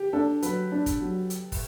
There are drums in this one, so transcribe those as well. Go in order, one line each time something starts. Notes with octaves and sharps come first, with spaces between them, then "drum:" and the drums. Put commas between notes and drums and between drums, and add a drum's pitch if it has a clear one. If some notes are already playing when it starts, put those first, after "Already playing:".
Already playing: G4
D4 A4
F#3 B4, drum: hi-hat
D4
drum: kick, hi-hat
F#3
drum: hi-hat
drum: kick, open hi-hat